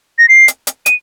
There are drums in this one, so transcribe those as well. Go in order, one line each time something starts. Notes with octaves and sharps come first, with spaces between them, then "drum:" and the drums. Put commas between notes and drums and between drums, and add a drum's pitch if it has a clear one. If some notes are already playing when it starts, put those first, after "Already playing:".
A#6
C7
drum: hi-hat
drum: hi-hat
D#7, drum: hi-hat